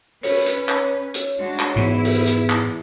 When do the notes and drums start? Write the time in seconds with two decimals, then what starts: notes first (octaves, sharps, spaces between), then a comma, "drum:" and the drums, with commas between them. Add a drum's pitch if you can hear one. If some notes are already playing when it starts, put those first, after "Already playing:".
0.23 C#4 B4 C#5, drum: open hi-hat
0.46 drum: hi-hat
0.69 drum: clap
1.14 drum: hi-hat
1.40 G#3 D4 F#4
1.59 drum: clap
1.76 E2 G#2 E4
2.05 drum: open hi-hat
2.27 drum: hi-hat
2.50 drum: clap